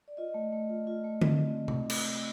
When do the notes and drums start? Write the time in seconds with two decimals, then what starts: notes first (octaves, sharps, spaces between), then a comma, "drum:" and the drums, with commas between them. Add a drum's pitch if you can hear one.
0.08 D5
0.17 F4 D#5
0.34 A3
0.52 A3
0.70 F4
0.87 F4
1.04 A3
1.21 C4, drum: tom D3
1.68 drum: tom C3
1.90 drum: cymbal